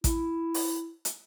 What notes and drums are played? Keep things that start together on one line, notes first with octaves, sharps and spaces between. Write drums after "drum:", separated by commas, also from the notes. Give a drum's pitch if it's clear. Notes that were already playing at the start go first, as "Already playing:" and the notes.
E4, drum: kick A1, hi-hat
drum: open hi-hat
drum: hi-hat